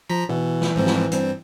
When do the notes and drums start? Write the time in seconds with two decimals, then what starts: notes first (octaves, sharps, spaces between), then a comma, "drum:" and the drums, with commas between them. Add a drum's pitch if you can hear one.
0.10 F3 A#5 B6
0.29 B2 E3
0.62 drum: snare
0.76 F2 G#2 C4
0.87 drum: snare
1.12 G2 C4, drum: hi-hat